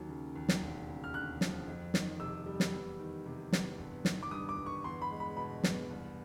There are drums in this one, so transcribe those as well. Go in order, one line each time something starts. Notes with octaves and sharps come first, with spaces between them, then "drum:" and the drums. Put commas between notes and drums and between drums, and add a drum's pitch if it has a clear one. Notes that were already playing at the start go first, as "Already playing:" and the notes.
Already playing: D#2 F#3
C#3
D#2
drum: snare
E1
C#3
F6
D2 F#6
F3, drum: snare
F2
D#3, drum: snare
C3 E6
G3
drum: snare
E2
D#3
C3
E2, drum: snare
G1
D#3, drum: snare
D6
G2 D#6
D6
G1
C#6
E2 C6
B5
G#3
B5
B2 B5
E2, drum: snare
C2